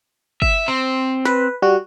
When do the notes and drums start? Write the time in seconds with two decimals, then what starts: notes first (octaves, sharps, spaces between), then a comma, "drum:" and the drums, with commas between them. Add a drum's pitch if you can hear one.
0.42 E5, drum: kick
0.68 C4
1.25 B4, drum: snare
1.62 G3 F#4